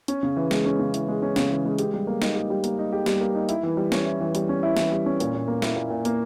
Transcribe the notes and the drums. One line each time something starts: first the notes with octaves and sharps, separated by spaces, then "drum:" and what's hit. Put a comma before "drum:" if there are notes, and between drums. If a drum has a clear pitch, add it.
C#4, drum: hi-hat
C#3
E3
G#3, drum: snare
C#4
C#3
E3, drum: hi-hat
G#3
C#4
C#3, drum: snare
E3
G#3
G4, drum: hi-hat
G3
A#3
D#4, drum: snare
G4
G3
A#3, drum: hi-hat
D#4
G4
G3, drum: snare
A#3
D#4
E4, drum: hi-hat
E3
G3
C#4, drum: snare
E4
E3
G3, drum: hi-hat
C#4
E4
E3, drum: snare
G3
C#4
A#2, drum: hi-hat
A#2
A#3
E4, drum: snare
A#2
A#2
A#3, drum: hi-hat